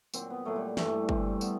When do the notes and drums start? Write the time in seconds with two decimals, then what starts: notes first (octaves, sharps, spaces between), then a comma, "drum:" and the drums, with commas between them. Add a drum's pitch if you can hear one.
0.14 A#2 F#3 C4, drum: tambourine
0.30 B3
0.45 A#2 F#3 A3
0.56 G3
0.77 G2 E3 G3 A3, drum: snare
1.09 G2 E3 G3 C4, drum: kick
1.41 B3, drum: tambourine